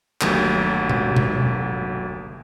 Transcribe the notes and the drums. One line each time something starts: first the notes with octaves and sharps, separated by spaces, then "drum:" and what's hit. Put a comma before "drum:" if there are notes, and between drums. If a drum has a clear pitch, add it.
G1 D#2 F#3 A3, drum: clap
drum: tom B2
drum: tom B2